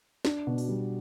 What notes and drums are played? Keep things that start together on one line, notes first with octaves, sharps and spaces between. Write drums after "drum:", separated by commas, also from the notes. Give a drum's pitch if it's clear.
D4, drum: snare
B2
drum: open hi-hat
G3